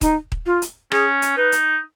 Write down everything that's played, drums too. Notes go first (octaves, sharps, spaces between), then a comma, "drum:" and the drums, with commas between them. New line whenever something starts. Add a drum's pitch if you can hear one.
D#4, drum: kick D#1, hi-hat
drum: kick D#1
F4
drum: hi-hat
C#4 G#4, drum: rim click
drum: hi-hat
D#4 B4
drum: hi-hat